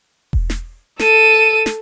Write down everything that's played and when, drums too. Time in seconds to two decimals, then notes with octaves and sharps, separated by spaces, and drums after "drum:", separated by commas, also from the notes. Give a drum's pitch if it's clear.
0.33 drum: kick E1
0.50 drum: snare
0.99 A4 D#7, drum: snare
1.66 drum: snare